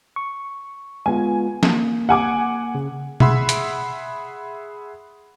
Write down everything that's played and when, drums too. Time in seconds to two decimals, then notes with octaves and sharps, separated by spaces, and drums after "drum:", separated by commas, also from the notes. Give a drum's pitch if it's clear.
0.16 C#6
1.06 G#3 B3 F4 G#5
1.63 A#3, drum: snare
2.09 F#5 G#5 D6
2.75 C#3
3.20 G#4 E5 F#5 B5 C6 E6, drum: tom B2
3.49 drum: hi-hat